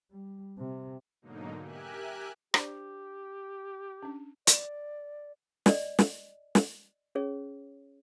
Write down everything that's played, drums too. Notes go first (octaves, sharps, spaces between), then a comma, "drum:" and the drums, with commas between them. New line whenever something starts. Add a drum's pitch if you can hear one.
G3
C3
G#2 B2 D3 F#3 A#3 D#4
G4 A#4 E5 G#5 F#6
D4 G4 C5 D5, drum: rim click
C#4 D4
D5, drum: hi-hat
D5 D#5, drum: snare
drum: snare
drum: snare
C#4 G#4 C#5